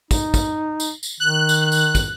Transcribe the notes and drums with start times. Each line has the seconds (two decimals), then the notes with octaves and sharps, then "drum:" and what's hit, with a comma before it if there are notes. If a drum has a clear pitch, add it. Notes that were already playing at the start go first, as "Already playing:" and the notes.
0.11 D#4, drum: kick, tambourine
0.34 drum: kick, tambourine
0.80 drum: tambourine
1.03 drum: tambourine
1.20 D#3 F#6
1.49 drum: tambourine
1.72 drum: tambourine
1.95 drum: kick, tambourine